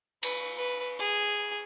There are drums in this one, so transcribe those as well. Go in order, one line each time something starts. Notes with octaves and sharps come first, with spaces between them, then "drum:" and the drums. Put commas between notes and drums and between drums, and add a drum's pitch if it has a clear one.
B4, drum: cymbal
B4
G#4